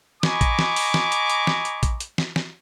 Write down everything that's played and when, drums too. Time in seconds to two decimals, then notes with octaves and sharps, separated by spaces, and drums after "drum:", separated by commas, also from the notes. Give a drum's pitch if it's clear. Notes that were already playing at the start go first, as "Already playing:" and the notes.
0.23 D#5 G#5 A#5 B5 C#6 D6, drum: snare
0.41 drum: kick A#1, hi-hat
0.59 drum: snare
0.76 drum: open hi-hat
0.94 drum: snare
1.12 drum: hi-hat
1.30 drum: hi-hat
1.47 drum: snare
1.65 drum: hi-hat
1.83 drum: kick A#1, hi-hat
2.00 drum: hi-hat
2.18 drum: snare
2.36 drum: snare